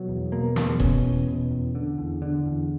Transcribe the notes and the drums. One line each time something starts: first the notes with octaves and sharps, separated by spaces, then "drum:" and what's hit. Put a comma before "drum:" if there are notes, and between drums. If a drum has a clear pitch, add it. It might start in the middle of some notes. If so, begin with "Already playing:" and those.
Already playing: B2 F#3
E2
B2 A#3
E2, drum: snare
B2 C#4, drum: kick E1
E2
B2
E2
D3
E2
D3
E2